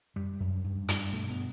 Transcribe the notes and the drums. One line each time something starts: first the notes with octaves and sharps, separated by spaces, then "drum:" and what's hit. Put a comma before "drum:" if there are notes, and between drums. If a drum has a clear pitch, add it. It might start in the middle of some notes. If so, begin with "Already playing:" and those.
F#2 G3
F#2
G2
G2, drum: hi-hat
B2 A3
B3